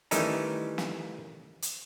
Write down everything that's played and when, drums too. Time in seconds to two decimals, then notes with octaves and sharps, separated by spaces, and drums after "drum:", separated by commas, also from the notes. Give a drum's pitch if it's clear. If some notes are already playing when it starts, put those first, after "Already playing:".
0.11 D#3 E3 G3 A3 C#4 D#4, drum: hi-hat
0.78 drum: snare
1.62 drum: hi-hat